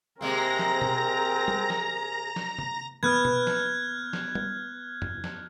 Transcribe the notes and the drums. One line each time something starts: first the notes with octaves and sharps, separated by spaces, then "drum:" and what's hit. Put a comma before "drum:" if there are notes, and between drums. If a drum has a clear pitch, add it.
C3 G#3 A#3 C4 G#4 A#4 A#5 A#6
drum: snare
drum: tom B2
drum: tom G3
drum: snare
drum: snare
drum: tom
B3 F6 F#6 G#6
drum: tom B2
drum: snare
drum: snare
drum: tom G3
drum: tom
drum: snare